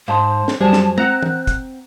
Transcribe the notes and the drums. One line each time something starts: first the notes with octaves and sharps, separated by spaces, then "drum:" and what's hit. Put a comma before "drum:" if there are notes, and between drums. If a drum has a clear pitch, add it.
G#2 C5 F5 A5 C6
drum: snare
F#2 G3 G#4 C5 A5
drum: snare
C4 F#5 A#5 F#6, drum: tom
drum: tom
drum: kick, hi-hat